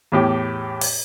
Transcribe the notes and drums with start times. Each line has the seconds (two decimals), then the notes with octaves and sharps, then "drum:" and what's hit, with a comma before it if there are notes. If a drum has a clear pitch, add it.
0.12 E2 A2 G4
0.81 drum: open hi-hat